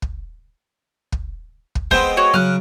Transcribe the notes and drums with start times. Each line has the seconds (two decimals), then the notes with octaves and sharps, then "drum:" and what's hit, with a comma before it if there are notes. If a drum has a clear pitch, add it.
0.02 drum: kick
1.12 drum: kick
1.75 drum: kick
1.91 G#3 B3 C4 C5, drum: kick
2.17 F#4 C#5
2.34 C#3 F#3 F6 F#6